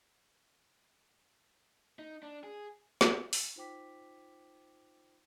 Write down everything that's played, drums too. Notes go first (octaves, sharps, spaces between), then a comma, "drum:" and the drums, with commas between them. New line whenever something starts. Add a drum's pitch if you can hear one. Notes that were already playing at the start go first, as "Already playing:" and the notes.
D#4
D4
G#4
drum: snare
drum: open hi-hat
D#4 F4 C5 G5 D6 B6